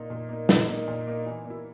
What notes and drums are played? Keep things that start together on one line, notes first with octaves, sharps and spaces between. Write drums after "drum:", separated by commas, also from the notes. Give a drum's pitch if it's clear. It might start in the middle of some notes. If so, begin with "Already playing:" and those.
Already playing: A#2 A#3 D#4
A#2
A#3 D#4
A#2, drum: snare
A#3 D#4
A#2
A#3 D#4
E3
A#3
E4